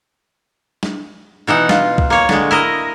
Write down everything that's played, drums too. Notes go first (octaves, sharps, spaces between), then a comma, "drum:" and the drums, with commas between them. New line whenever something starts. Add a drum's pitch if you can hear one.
drum: snare
B2 E3 D#4 F#5
F4, drum: snare
drum: kick C2
A#3 C#5
D3 G#3, drum: snare
E4 A#4 D#5